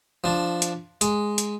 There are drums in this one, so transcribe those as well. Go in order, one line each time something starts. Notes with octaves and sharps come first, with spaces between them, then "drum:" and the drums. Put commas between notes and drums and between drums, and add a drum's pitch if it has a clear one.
F3 D4
drum: hi-hat
G#3, drum: hi-hat
drum: hi-hat